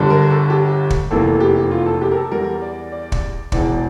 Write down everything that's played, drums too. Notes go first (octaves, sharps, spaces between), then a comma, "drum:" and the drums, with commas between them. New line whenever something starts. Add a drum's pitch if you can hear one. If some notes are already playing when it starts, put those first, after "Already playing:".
Already playing: G1 G2 D3 G3
A#4
A4
G4
drum: kick
F1 E2 E3 A#3 A4
G4
F4
A4
G4
A#4
A4
E2 E3 G3 A#4
D5
D5
drum: kick
E1 E2 E3 D5, drum: kick